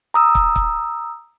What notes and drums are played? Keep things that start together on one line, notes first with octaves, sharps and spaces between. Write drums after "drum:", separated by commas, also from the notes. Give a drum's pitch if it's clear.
A#5 D#6 E6
drum: kick
drum: kick